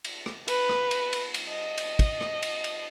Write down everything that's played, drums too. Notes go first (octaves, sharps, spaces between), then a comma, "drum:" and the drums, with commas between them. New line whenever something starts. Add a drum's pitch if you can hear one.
drum: cymbal
drum: rim click
B4, drum: cymbal
drum: rim click
drum: cymbal
drum: cymbal
drum: cymbal
D#5
drum: cymbal
drum: kick, cymbal
drum: rim click
drum: cymbal
drum: cymbal